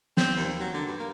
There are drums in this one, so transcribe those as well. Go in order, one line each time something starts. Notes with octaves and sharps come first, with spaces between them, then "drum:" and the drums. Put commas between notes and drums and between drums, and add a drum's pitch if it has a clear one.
C4, drum: snare
D#2
F#3
D3
G2
A#3